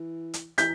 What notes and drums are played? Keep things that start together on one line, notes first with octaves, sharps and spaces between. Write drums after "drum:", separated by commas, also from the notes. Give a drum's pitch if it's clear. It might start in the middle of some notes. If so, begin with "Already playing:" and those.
Already playing: E3
drum: hi-hat
E3 G6 B6, drum: hi-hat